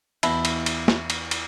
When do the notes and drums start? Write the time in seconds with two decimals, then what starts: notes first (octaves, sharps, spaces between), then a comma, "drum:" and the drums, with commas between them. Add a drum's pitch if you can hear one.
0.23 E2 B2 E4, drum: cymbal
0.45 drum: cymbal
0.66 drum: cymbal
0.88 drum: snare
1.10 drum: cymbal
1.31 drum: cymbal